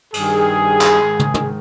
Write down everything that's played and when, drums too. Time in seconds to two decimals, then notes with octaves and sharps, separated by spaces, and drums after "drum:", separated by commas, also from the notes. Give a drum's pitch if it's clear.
0.14 G2 D#3 G#4, drum: cymbal
0.81 drum: clap
0.99 G#2 D#3
1.19 drum: tom
1.34 drum: tom